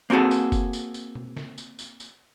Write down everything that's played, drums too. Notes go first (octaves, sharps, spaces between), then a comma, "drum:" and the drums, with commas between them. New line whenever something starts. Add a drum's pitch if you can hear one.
A#3 C4 F#4 G#4 A4
drum: tambourine
drum: kick F#1, tambourine
drum: tambourine
drum: tambourine
drum: tom B2
drum: snare
drum: tambourine
drum: tambourine
drum: tambourine